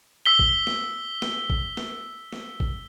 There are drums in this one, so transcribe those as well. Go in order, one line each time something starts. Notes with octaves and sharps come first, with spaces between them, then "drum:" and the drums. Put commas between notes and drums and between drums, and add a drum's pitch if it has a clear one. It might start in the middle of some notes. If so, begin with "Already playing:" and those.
E6 B6 G7
drum: kick
drum: snare
drum: snare
drum: kick
drum: snare
drum: snare
drum: kick